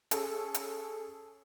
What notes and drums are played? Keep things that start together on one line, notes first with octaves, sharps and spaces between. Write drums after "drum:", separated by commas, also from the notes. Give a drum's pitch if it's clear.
C#4 G#4 A4, drum: hi-hat
drum: hi-hat